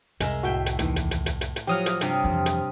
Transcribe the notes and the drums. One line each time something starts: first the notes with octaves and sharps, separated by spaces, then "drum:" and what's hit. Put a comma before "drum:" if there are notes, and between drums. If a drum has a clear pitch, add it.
C2 F2 G#3 A#4 E5, drum: hi-hat
A2 F#4 E5 G5
drum: hi-hat
D#2 D#3 E3, drum: hi-hat
drum: hi-hat
drum: hi-hat
drum: hi-hat
drum: hi-hat
drum: hi-hat
F3 F#3 G4 D#6 F6
drum: hi-hat
G2 C3 C4, drum: hi-hat
F2 E3
drum: hi-hat